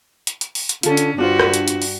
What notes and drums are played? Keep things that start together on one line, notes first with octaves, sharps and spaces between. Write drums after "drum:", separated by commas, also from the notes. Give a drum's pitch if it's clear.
drum: hi-hat
drum: hi-hat
drum: open hi-hat
drum: hi-hat
D3 C#4 F4 A4, drum: hi-hat
drum: hi-hat
G2 D4 F4 F#4 C5
drum: rim click
drum: hi-hat
drum: hi-hat
drum: open hi-hat